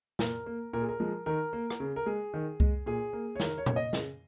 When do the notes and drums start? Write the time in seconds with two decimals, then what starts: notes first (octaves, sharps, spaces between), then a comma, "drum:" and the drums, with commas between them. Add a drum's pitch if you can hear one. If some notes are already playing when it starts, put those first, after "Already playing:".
0.19 A#2 A#4, drum: snare
0.46 A#3
0.73 A#2 A#4
0.82 G#4
0.89 A#4
1.00 F3 G#3
1.26 D#3 A#4
1.53 A#3
1.70 drum: rim click
1.80 C#3
1.96 A#4
2.06 G#3 G#4
2.34 D#3
2.60 G#3, drum: kick C2
2.86 A#2 G#4
3.13 A#3
3.36 C#5
3.40 D#3 A#4, drum: snare
3.58 C#5
3.66 A#3, drum: tom A#2
3.76 D#5
3.93 C#3, drum: snare